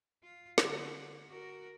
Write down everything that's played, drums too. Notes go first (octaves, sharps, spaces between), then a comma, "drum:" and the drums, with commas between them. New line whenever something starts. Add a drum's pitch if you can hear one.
F4
D3 F#5, drum: snare
F#4 A#4